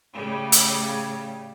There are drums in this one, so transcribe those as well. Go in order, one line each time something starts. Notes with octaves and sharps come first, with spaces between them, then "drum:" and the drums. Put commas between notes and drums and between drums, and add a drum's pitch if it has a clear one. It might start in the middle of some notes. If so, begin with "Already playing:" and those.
A2 C#3 G3
drum: hi-hat